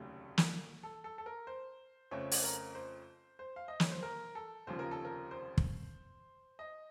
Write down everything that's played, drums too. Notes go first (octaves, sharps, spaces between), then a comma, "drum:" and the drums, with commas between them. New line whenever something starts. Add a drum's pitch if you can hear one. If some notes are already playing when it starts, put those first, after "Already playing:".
Already playing: F1 D#2 C#3 F#3 A3
drum: snare
A4
A4
A4
A#4
C5
F2 C#3 A3 C4 C#5
drum: open hi-hat
A#4
C5
C5
F5
D#5
C#5, drum: snare
C5
A#4
A4
F1 D#2 C#3 F3 C5
A#4
A4
A#4
C5
drum: kick
D#5